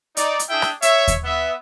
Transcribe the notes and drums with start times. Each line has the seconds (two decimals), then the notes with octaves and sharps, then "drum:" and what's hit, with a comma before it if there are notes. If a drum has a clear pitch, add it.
0.17 D#4 D5, drum: hi-hat
0.39 drum: hi-hat
0.49 D4 E4 G#4 E5 G5
0.62 drum: rim click
0.82 C#5 E5, drum: hi-hat
1.08 drum: kick D#2, hi-hat
1.25 B3 E5